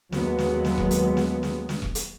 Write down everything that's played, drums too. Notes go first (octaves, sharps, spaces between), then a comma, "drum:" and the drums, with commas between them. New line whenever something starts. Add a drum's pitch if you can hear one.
D#2 F#3 G#3 B3, drum: snare
drum: snare
drum: snare
drum: kick E1
drum: hi-hat
drum: snare
drum: snare
drum: snare
drum: kick E1
drum: hi-hat